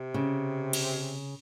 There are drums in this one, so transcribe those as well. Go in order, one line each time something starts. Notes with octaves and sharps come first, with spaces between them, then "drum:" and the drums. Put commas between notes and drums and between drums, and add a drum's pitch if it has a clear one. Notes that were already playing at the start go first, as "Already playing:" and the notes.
Already playing: C3
C#3
drum: cymbal